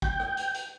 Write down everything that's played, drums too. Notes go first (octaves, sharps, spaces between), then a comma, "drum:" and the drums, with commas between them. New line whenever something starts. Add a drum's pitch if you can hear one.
G5, drum: kick
drum: rim click
drum: hi-hat
drum: hi-hat